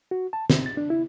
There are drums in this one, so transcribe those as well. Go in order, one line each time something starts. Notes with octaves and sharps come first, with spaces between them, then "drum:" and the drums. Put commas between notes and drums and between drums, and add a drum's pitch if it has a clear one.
F#4
A5
C4, drum: snare
A6
D4
E4